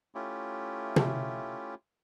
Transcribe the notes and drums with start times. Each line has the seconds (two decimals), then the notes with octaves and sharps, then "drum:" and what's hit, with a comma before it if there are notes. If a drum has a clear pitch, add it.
0.15 A3 C#4 E4 F4 G4
0.96 drum: tom